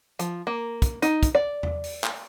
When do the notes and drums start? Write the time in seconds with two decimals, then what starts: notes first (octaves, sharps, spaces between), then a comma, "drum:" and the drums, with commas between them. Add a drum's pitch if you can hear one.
0.19 F3, drum: hi-hat
0.47 A#3
0.82 drum: kick, hi-hat
1.02 D#4, drum: hi-hat
1.23 drum: kick, hi-hat
1.35 D5
1.63 drum: tom E2
1.84 drum: open hi-hat
2.04 drum: clap